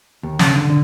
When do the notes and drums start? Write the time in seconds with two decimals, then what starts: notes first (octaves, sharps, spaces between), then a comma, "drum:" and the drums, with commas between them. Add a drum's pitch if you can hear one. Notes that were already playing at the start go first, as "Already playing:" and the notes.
0.23 D#2
0.39 C#3, drum: snare
0.55 D3
0.70 D3